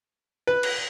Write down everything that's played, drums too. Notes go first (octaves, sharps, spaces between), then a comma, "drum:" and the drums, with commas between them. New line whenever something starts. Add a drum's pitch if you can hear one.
B4
drum: cymbal